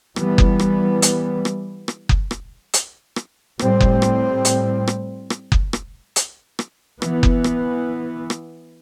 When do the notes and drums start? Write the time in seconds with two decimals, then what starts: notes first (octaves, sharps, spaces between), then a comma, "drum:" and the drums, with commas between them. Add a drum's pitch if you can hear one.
0.16 E3 G3 B3, drum: rim click
0.38 drum: kick F#1
0.59 drum: rim click
1.02 drum: hi-hat
1.45 drum: rim click
1.88 drum: rim click
2.09 drum: kick F#1
2.31 drum: rim click
2.73 drum: hi-hat
3.16 drum: rim click
3.59 A2 G3 C4, drum: rim click
3.80 drum: kick F#1
4.02 drum: rim click
4.45 drum: hi-hat
4.87 drum: rim click
5.30 drum: rim click
5.52 drum: kick F#1
5.73 drum: rim click
6.16 drum: hi-hat
6.59 drum: rim click
7.02 E3 B3, drum: rim click
7.23 drum: kick F#1
7.44 drum: rim click
8.30 drum: rim click